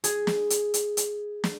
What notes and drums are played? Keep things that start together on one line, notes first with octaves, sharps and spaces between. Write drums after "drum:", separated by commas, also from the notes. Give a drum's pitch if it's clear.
G#4, drum: hi-hat
drum: snare
drum: hi-hat
drum: hi-hat
drum: hi-hat
drum: snare